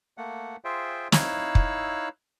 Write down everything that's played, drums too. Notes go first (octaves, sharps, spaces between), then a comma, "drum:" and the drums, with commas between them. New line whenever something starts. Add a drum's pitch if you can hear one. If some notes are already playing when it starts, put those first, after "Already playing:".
A3 A#3 F#5
F4 G#4 C5 E5 G5
D#4 E4 C#5 F5 E6 F#6, drum: snare
drum: kick